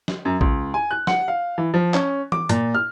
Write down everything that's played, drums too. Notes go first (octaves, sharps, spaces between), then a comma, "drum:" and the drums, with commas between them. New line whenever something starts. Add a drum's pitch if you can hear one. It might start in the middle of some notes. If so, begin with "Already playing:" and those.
drum: snare
F#2
C#2, drum: kick A#1
G#5
F#6
F#5, drum: snare
F5
E3
F3
C#4, drum: clap
D6, drum: tom E3
A#2, drum: hi-hat
F6